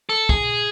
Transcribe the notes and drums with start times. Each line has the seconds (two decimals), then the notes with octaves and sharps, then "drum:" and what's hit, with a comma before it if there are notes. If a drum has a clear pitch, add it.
0.09 A4
0.29 G#4, drum: kick